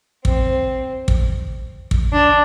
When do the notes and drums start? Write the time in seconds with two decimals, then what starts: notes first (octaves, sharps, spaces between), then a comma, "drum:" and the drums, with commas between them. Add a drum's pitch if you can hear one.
0.25 C4, drum: kick
1.08 drum: kick
1.91 drum: kick
2.12 D4